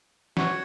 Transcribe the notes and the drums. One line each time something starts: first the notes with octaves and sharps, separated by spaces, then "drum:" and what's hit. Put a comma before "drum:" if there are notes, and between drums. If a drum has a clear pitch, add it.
F#4 C#5 F#5, drum: snare